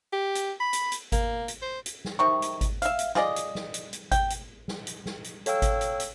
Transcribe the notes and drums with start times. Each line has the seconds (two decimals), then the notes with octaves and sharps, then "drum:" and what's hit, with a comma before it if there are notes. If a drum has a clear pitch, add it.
0.12 G4
0.35 drum: hi-hat
0.60 B5
0.73 drum: hi-hat
0.92 drum: hi-hat
1.12 A#3, drum: kick G#1, hi-hat
1.48 drum: hi-hat
1.62 C5
1.86 drum: hi-hat
2.05 drum: snare
2.19 C3 D#3 C#6
2.42 drum: hi-hat
2.61 drum: kick G#1, hi-hat
2.82 E5 F5, drum: hi-hat
2.99 drum: hi-hat
3.15 F4 G#4 D5 D#5, drum: snare
3.36 drum: hi-hat
3.55 drum: snare
3.74 drum: hi-hat
3.93 drum: hi-hat
4.12 G5, drum: kick G#1, hi-hat
4.30 drum: hi-hat
4.68 drum: snare
4.87 drum: hi-hat
5.06 drum: snare
5.24 drum: hi-hat
5.46 A4 C#5 F5 G5 E6, drum: hi-hat
5.62 drum: kick G#1, hi-hat
5.81 drum: hi-hat
6.00 drum: hi-hat